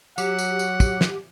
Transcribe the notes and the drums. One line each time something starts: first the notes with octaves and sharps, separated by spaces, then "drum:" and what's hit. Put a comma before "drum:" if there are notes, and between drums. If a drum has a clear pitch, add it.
F#3 G4 F#5, drum: tambourine
drum: tambourine
drum: tambourine
drum: kick, tambourine
drum: snare